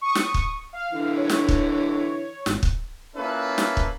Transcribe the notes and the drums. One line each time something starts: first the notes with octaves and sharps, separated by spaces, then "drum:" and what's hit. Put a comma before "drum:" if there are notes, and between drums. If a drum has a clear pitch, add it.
C#6 D#6
drum: snare
drum: kick
F5
D3 E3
C#5
drum: snare
drum: kick
G#1, drum: snare
drum: kick
A#3 C#4 E4 F4 A4 B4
drum: snare
drum: kick